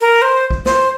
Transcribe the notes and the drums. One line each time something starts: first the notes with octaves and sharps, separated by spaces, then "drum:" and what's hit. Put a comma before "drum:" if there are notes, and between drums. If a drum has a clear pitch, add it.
A#4
C5
drum: kick B1
C5, drum: snare